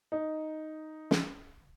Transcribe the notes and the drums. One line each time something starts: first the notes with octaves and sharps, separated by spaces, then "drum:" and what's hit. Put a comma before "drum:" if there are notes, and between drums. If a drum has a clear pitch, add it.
D#4
drum: snare